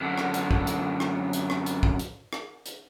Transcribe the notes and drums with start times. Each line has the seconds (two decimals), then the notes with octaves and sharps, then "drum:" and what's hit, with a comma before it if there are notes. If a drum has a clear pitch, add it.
0.01 F#2 D3
0.18 drum: rim click
0.34 drum: hi-hat
0.51 drum: kick
0.67 drum: hi-hat
1.00 drum: rim click
1.33 drum: hi-hat
1.50 drum: rim click
1.66 drum: hi-hat
1.83 drum: kick
1.99 drum: hi-hat
2.33 drum: rim click
2.66 drum: hi-hat